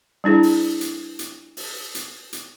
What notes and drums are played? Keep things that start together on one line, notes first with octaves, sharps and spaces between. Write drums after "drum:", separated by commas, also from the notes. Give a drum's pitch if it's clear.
G3 D4 E4 G#4
drum: open hi-hat
drum: hi-hat
drum: hi-hat
drum: open hi-hat
drum: hi-hat
drum: hi-hat